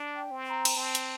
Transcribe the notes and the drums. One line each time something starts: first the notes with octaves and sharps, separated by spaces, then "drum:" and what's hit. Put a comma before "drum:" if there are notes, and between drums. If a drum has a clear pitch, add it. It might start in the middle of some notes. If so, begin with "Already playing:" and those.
Already playing: D4
G5
C4
C6
A#5
drum: cymbal
C4 A5
drum: hi-hat